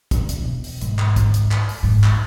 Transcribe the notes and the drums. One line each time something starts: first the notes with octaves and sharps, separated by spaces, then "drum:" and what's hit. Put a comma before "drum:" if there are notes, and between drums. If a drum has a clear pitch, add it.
drum: kick, hi-hat
drum: hi-hat
E1
drum: open hi-hat
G#2, drum: hi-hat
drum: clap
drum: kick, hi-hat
drum: hi-hat
drum: clap
drum: open hi-hat
G#2
drum: clap